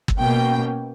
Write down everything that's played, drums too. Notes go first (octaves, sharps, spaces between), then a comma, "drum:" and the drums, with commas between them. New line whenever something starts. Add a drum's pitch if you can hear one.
drum: kick G1
B2 A#3 C#4 G5